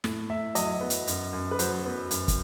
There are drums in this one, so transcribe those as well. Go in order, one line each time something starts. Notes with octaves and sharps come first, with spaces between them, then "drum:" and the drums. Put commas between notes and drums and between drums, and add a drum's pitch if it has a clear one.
A2, drum: snare
A2 E5
F#3 D#5, drum: hi-hat
B3
drum: hi-hat
F#2, drum: hi-hat
F#2
B4
F#3 C5, drum: hi-hat
B3
F#2, drum: hi-hat
drum: kick, hi-hat